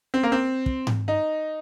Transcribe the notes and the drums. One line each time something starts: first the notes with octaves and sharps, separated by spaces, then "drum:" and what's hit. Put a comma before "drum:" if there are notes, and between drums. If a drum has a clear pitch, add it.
C4
A#3
C4
drum: kick
drum: tom G#2
D#4